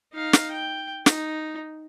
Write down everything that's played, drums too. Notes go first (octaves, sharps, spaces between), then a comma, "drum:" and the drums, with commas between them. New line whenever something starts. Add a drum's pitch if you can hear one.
D#4 F5
drum: snare
G5
D#4, drum: snare